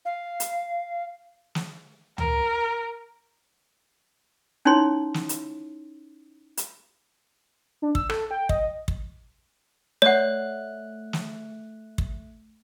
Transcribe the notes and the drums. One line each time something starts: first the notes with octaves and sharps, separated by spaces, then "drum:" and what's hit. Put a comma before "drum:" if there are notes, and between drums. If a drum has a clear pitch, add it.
F5
drum: hi-hat
drum: snare
A#4, drum: tom
C#4 D#4 E4 C#5 C6
drum: snare
drum: hi-hat
drum: hi-hat
D4
E6, drum: kick
A4, drum: rim click
G5
D#5, drum: kick
drum: kick
A3 C#5 D5 F#5 F#6
drum: snare
drum: kick